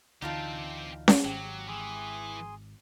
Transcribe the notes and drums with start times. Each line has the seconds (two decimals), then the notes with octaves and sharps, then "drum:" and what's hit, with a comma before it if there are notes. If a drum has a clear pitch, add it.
0.22 D2 D3 E3 C4 D#4 F4 G4 A5
1.08 drum: snare C#4
1.24 G#1 F#3 G4
1.68 E3 G#4 G#5 C6